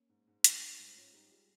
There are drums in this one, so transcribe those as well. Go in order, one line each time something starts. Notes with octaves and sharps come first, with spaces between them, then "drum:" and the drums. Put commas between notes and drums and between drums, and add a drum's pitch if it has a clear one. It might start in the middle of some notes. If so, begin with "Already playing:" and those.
Already playing: A#3 C#4
G#2
G#2
G3 C4 D#4, drum: hi-hat
G3
G#2
G#2 C#4 F4
G3 D#4 G4
G3 F4 G#4